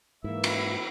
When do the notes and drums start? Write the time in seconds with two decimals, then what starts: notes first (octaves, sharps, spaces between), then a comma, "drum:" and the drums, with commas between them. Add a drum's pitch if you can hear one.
0.24 G#2 E3 A#3 E4 E5
0.44 drum: cymbal